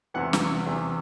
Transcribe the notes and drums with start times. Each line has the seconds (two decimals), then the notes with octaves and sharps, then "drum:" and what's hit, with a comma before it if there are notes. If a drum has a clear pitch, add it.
0.14 E2 C3 E3 F#5
0.33 drum: snare
0.66 E2 C3 E3